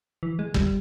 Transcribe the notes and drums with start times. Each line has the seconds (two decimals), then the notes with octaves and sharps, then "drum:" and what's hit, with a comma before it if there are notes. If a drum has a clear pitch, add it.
0.23 E3
0.39 G#3
0.54 G3, drum: kick